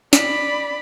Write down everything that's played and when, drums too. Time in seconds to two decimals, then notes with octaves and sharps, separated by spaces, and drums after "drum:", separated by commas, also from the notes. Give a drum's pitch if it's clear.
0.13 D5 B5, drum: snare